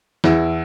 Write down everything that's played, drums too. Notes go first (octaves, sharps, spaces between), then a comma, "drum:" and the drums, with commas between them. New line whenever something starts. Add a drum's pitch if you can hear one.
E2 E4, drum: snare